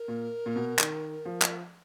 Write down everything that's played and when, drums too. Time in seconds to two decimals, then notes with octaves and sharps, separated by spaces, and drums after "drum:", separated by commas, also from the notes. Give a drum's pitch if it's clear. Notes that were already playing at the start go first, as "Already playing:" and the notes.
Already playing: A#4
0.08 A#2
0.46 A#2
0.56 B2
0.79 D#3, drum: clap
1.25 F3
1.42 drum: clap